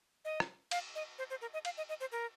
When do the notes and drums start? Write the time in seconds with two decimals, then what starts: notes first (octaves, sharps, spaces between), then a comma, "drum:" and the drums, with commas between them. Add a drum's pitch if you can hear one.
0.25 D#5
0.40 drum: rim click
0.71 F5, drum: cymbal
0.95 D#5
1.18 C5
1.30 C5
1.41 A#4
1.53 D#5
1.65 F5, drum: cymbal
1.77 D#5
1.89 D#5
2.00 C5
2.12 A#4